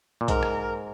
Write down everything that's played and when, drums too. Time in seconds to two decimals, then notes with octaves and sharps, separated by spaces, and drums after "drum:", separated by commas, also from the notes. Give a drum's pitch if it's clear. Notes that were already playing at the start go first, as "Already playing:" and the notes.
0.21 A#2
0.28 G#2 A#4, drum: kick B1, hi-hat
0.43 drum: rim click